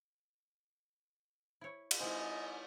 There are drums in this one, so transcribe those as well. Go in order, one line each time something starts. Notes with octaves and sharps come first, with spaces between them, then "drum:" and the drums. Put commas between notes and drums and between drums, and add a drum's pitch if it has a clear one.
E4 C#5
drum: cymbal
G#3 C4 D#4 E4 D#5 G#5